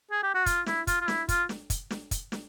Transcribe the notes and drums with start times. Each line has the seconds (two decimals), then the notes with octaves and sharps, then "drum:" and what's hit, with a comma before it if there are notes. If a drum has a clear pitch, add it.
0.11 G#4
0.23 G4
0.34 F#4
0.46 F4, drum: kick, hi-hat
0.66 E4, drum: snare
0.87 F4, drum: kick, hi-hat
1.01 F4
1.08 E4, drum: snare
1.29 F4, drum: kick, hi-hat
1.49 drum: snare
1.70 drum: kick, hi-hat
1.91 drum: snare
2.11 drum: kick, hi-hat
2.32 drum: snare